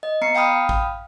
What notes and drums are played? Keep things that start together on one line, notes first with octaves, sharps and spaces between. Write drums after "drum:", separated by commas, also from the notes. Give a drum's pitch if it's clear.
D#5
B3 A#5 C7 C#7
F5 G5 B5 D#6 F6
drum: kick